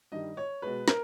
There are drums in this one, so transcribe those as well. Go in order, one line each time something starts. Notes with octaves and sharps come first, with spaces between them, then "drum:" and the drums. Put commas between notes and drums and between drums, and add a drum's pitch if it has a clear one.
G2 D#3 G3 D#5
C#5
B2 G#3 B4
A#4, drum: snare